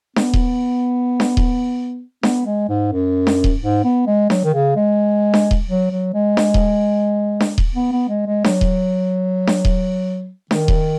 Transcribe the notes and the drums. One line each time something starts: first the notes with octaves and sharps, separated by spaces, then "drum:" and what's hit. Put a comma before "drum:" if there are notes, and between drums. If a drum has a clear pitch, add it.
B3, drum: snare D4
drum: kick D#1
drum: snare D4
drum: kick D#1
B3, drum: snare D4
G#3
G#2
F#2
drum: snare D4
drum: kick D#1
G#2
B3
G#3
F#3, drum: snare D4
D#3
C#3
G#3
drum: snare D4
drum: kick D#1
F#3
F#3
G#3
drum: snare D4
drum: kick D#1
drum: snare D4
drum: kick D#1
B3
B3
G#3
G#3
F#3, drum: snare D4
drum: kick D#1
drum: snare D4
drum: kick D#1
D#3, drum: snare D4
drum: kick D#1